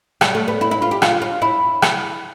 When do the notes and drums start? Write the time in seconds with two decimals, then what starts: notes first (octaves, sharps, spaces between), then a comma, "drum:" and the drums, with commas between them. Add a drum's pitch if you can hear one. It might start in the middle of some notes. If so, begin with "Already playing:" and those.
0.21 G3, drum: rim click
0.35 A3
0.48 B3
0.61 E4
0.71 E4
0.82 F4
0.91 G4
1.02 F4, drum: rim click
1.22 F4
1.42 E4
1.82 drum: rim click